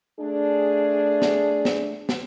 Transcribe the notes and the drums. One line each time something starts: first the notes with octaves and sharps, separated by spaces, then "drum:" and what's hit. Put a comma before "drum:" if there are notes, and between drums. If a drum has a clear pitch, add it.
A3 D4 G#4
drum: snare
drum: snare
drum: snare